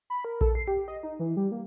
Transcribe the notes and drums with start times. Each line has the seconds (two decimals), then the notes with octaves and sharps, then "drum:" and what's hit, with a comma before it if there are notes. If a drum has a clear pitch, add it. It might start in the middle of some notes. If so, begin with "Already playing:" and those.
0.10 B5
0.25 A#4
0.41 A4, drum: kick A#1
0.55 C7
0.68 G4
0.88 D#5
1.03 D#4
1.19 E3
1.37 G3
1.51 A#3